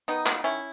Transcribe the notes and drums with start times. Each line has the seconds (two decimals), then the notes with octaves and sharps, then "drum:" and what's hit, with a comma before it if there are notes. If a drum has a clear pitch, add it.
0.08 D#3 B3 D#4
0.26 F#3 A#3, drum: clap
0.44 D#3 C#4 E4